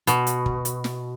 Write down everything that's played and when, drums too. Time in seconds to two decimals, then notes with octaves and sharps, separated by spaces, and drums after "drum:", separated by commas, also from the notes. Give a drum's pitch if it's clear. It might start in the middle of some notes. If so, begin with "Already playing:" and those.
0.07 B2, drum: hi-hat
0.27 drum: hi-hat
0.46 drum: kick
0.65 drum: hi-hat
0.84 drum: snare